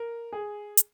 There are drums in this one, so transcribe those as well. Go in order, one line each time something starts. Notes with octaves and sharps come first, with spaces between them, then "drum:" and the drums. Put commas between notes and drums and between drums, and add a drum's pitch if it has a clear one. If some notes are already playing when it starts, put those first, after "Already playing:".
Already playing: A#4
G#4
drum: hi-hat